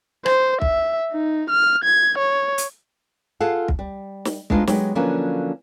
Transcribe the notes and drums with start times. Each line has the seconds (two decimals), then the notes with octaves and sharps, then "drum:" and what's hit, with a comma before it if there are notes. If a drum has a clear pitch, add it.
0.26 C5, drum: rim click
0.62 E5, drum: kick
1.12 D#4
1.50 F6
1.84 G#6
2.18 C#5
2.58 drum: hi-hat
3.40 F4 G#4 A4 F5 F#5
3.68 drum: kick
3.79 G3
4.25 drum: snare
4.50 G#3 B3 D4 D#4 F4 C5, drum: kick
4.67 F#3 G#3 B3 G4, drum: snare
4.95 D3 F3 F#3 A#3 C#4 B4